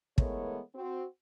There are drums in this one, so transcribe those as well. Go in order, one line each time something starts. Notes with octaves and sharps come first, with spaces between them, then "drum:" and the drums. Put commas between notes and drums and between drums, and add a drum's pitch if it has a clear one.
E3 G#3 A3 B3 A#4 C#5, drum: kick
C4 F#4